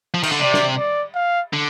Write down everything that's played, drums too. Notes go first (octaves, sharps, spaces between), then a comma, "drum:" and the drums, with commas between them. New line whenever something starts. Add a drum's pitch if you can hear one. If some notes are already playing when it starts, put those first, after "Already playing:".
F3
D#3, drum: cymbal
D3
C3 D5
drum: snare
D5
F5
D3